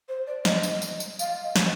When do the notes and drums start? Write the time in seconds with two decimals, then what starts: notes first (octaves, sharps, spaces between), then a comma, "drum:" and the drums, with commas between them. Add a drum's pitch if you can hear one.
0.08 C5
0.27 D5
0.45 D#5, drum: snare
0.63 drum: tambourine
0.82 drum: tambourine
1.00 drum: tambourine
1.19 F5, drum: tambourine
1.43 D#5
1.56 drum: snare